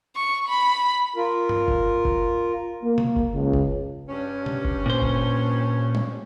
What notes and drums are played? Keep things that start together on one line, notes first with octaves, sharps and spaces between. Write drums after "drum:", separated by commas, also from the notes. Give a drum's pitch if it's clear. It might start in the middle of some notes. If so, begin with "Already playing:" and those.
C#6
B5
F4 A#4
drum: tom G2
drum: kick F#1
drum: kick F#1
A#3
drum: tom B2
drum: kick F#1
C#2
drum: kick F#1
G2 C#4
drum: tom B2
drum: kick F#1
A#2 C5
drum: kick F#1
drum: tom G3